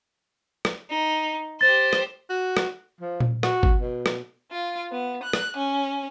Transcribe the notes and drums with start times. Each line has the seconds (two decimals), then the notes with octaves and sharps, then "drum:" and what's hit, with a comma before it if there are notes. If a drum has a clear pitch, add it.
0.65 drum: rim click
0.90 D#4
1.61 G4 C5 A6
1.93 drum: rim click
2.30 F#4
2.57 drum: rim click
3.01 F3
3.20 drum: tom A#2
3.43 F#4, drum: rim click
3.63 drum: kick
3.81 B2
4.06 drum: rim click
4.51 F4
4.91 B3
5.23 F#6
5.33 drum: rim click
5.55 C#4